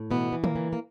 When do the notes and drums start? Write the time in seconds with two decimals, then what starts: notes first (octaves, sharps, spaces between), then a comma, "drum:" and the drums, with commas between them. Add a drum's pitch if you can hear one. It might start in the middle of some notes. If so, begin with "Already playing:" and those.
Already playing: A2
0.11 B2 E3 B3
0.32 E3
0.44 A#2 A#3, drum: tom
0.55 E3
0.73 A#3